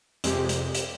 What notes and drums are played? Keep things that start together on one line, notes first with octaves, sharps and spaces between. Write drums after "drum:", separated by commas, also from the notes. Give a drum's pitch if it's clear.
F2 C3 G#3 G4, drum: hi-hat
drum: hi-hat
drum: hi-hat